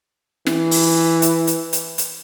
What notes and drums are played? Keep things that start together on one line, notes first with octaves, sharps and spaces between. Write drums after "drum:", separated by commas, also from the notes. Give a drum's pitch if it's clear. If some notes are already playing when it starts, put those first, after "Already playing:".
E3, drum: snare
drum: open hi-hat
drum: hi-hat
drum: hi-hat
drum: hi-hat
drum: hi-hat